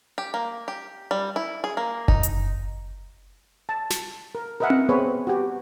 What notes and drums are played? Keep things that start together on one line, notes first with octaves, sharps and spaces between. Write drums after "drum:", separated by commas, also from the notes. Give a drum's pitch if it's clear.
G4
A#3
G4
G3
E4
G#4
A#3
D#4, drum: kick F#1
drum: hi-hat
A5
drum: snare
A#4
A#4 B4 D#5 E5 F#5 G#5
drum: tom C4
B3 C4 G#4 B4 C#5
F#4 G4